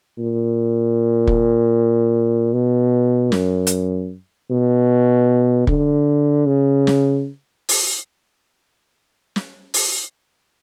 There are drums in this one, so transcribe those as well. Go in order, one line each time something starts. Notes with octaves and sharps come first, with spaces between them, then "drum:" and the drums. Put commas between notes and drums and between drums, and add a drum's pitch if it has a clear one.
A#2
drum: kick
B2
F#2, drum: snare
drum: hi-hat
B2
D3, drum: kick
C#3
drum: snare
drum: open hi-hat
drum: snare
drum: open hi-hat